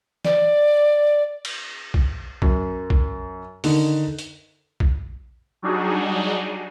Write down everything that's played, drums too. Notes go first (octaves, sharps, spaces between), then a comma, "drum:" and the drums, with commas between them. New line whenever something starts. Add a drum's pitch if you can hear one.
D5, drum: snare
drum: cymbal
drum: kick A#1
F#2, drum: kick A#1
drum: kick A#1
D3 D#3 D#4, drum: open hi-hat
drum: hi-hat
drum: kick A#1
F#3 G3 D4 D#4 F#4 G#4